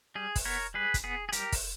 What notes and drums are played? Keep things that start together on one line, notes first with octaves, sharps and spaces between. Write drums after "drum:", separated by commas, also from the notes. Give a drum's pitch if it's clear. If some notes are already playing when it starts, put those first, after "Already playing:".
G3 G#4
drum: kick, open hi-hat
B3 A#4 C#5
G3 G#4 B4
drum: kick, hi-hat
B3 G#4
G#4
G3 G4 A#4, drum: hi-hat
drum: kick, open hi-hat